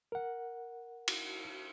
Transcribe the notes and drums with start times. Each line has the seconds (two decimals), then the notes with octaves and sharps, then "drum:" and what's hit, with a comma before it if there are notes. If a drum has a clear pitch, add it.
0.12 A#4 F#5
1.08 drum: cymbal